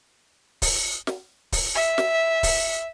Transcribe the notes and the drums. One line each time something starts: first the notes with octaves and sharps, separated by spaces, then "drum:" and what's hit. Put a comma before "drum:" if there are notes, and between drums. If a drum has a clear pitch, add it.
drum: kick D1, open hi-hat
drum: snare
drum: kick D1, open hi-hat
E5
drum: snare
drum: kick D1, open hi-hat